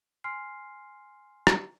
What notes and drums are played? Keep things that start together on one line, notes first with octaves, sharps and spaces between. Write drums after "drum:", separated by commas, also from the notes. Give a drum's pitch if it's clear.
G#5 C6 F6 C7
drum: rim click